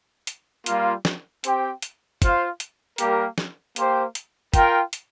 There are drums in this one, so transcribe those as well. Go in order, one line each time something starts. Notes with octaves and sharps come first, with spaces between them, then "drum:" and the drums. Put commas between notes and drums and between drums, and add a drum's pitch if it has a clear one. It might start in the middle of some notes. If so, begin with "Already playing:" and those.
drum: hi-hat
G3 A#3 F4, drum: hi-hat
drum: snare
C4 G4 C5 G5, drum: hi-hat
drum: hi-hat
F4 C5 F5, drum: kick, hi-hat
drum: hi-hat
G3 A#3 G4 A#4, drum: hi-hat
drum: snare
A#3 G4 C5 G5, drum: hi-hat
drum: hi-hat
F4 A#4 G5, drum: kick, hi-hat
drum: hi-hat